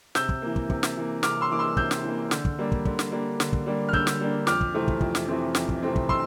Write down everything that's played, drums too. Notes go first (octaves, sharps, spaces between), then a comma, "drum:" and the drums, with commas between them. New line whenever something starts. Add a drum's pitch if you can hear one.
C3 E6 G6, drum: snare
drum: kick
E3 A#3
drum: kick
C3, drum: kick
drum: snare
E3 A#3
C3 D6 F6, drum: snare
C6 E6
E3 A#3 D6
C6 E6
C3 E6 G6, drum: kick
drum: snare
E3 A#3
D3, drum: snare
drum: kick
G3 A#3 D4
drum: kick
D3, drum: kick
drum: snare
G3 A#3 D4
D3, drum: snare
drum: kick
G3 A#3 D4
F6
D3 E6 G6, drum: kick
drum: snare
G3 A#3 D4
F2 D6 F6, drum: snare
drum: kick
C3 E3 A3 C4
drum: kick
F2, drum: kick
drum: snare
C3 E3 A3 C4
F2, drum: snare
drum: kick
C3 E3 A3 C4
drum: kick
C6 E6, drum: kick